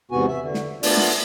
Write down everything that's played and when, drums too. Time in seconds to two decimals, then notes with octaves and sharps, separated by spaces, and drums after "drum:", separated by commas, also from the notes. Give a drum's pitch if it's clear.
0.11 E2 G#2 C3 B3 F#4 G#5
0.28 E5
0.41 D3
0.54 drum: snare
0.83 A3 B3 D4 F4 A4 D5, drum: open hi-hat
0.97 drum: snare